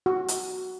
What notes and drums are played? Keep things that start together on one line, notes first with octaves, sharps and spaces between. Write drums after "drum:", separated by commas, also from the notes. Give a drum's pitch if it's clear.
F#4
drum: hi-hat